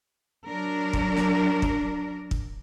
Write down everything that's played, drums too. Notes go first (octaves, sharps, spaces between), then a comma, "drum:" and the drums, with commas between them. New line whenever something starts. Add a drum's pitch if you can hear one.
F#3 D4 A#4
drum: kick
drum: snare
drum: kick
drum: kick